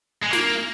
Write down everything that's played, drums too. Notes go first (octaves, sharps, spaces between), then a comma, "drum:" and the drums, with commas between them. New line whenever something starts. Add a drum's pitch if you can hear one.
G#3
A#3, drum: snare